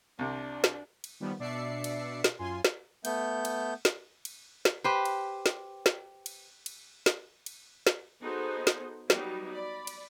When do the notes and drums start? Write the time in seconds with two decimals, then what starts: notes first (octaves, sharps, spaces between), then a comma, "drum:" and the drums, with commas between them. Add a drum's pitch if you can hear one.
0.19 C2 C3 D4
0.64 drum: snare
1.04 drum: cymbal
1.20 D#3 F3 G3 B3
1.39 B2 D4 D5 E5 C7 C#7
1.84 drum: cymbal
2.24 drum: snare
2.39 F#2 F4 G#5 C6
2.65 drum: snare
3.05 A3 B3 G6, drum: cymbal
3.45 drum: cymbal
3.85 drum: snare
4.25 drum: cymbal
4.65 drum: snare
4.84 G4 B4 C5
5.05 drum: cymbal
5.46 drum: snare
5.86 drum: snare
6.26 drum: cymbal
6.66 drum: cymbal
7.06 drum: snare
7.46 drum: cymbal
7.87 drum: snare
8.23 B3 D#4 F#4 G#4 A4 C5
8.67 drum: snare
9.10 F#3 G3 B3 D#4, drum: snare
9.52 D5 B5
9.87 drum: cymbal